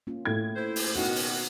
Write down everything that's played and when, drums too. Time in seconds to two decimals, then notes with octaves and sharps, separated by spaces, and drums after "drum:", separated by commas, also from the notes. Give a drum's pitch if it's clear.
0.07 A#3 C#4 F4
0.25 A2 G#6
0.56 E4 C5
0.76 drum: open hi-hat
0.95 B2 D#3 C#4 D#4 F#4 F#5
1.16 drum: open hi-hat